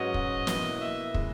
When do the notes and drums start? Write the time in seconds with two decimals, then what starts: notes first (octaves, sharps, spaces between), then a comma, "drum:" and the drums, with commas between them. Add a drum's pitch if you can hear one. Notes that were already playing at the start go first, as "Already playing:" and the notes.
Already playing: G#2 F#3 C#4 F#4 B4 D#5
0.14 drum: kick
0.47 B2 A#3 E4 B4, drum: snare
0.81 E5
1.14 C#3 G#3, drum: kick